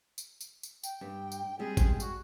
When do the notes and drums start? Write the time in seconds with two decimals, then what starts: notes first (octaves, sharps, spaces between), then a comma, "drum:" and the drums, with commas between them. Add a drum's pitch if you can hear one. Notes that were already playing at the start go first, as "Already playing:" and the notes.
0.18 drum: tambourine
0.41 drum: tambourine
0.63 drum: tambourine
0.83 G5, drum: tambourine
1.01 G2
1.32 drum: tambourine
1.59 G3 G#3 C4 G#4
1.77 drum: kick, tambourine
2.00 F#4, drum: tambourine